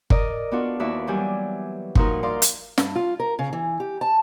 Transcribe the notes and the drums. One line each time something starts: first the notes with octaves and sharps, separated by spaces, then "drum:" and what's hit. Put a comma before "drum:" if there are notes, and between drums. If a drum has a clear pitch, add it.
A#4 D5 D#5, drum: kick G1
B3 D4 F4 F#4
D#2 E4 F#4 D5 E5
E3 F#3 G3 G4 G#5
A#2 F3 D#4 F4 F#4 A#4, drum: kick G1
D#4 D5 F5 C6
drum: hi-hat
G2, drum: snare
F4
A#4
C#3
E3
G4
A5